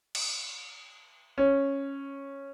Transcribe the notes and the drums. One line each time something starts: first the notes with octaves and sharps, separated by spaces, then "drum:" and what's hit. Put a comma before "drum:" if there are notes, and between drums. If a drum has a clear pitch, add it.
drum: cymbal
C#4